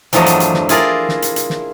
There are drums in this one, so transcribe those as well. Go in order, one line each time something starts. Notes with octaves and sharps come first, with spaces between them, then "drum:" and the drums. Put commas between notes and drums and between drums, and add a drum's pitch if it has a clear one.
E2 G2 F3 F#3 A3 D#5, drum: hi-hat
drum: hi-hat
drum: hi-hat
drum: snare
E4 F4 G#4 A#4 D5, drum: hi-hat
drum: snare
drum: hi-hat
drum: hi-hat
drum: snare